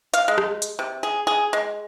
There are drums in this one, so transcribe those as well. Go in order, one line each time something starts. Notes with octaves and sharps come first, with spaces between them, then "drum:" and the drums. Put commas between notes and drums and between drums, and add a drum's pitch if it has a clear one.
F5, drum: hi-hat
G#3
drum: rim click
drum: hi-hat
C3
G#4
G#4
G#3